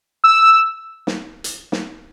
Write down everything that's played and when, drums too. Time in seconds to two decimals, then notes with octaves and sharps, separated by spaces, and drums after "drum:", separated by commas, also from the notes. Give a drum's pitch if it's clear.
0.24 E6
1.07 drum: snare
1.44 drum: hi-hat
1.72 drum: snare